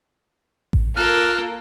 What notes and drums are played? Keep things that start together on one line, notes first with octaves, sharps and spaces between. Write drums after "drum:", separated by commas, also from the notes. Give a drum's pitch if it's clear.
drum: kick A1
A#3 F4 A4 A#4 F6 F#6